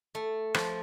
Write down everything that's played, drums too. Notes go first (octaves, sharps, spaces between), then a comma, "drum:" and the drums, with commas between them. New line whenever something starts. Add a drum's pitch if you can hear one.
A3
F3, drum: rim click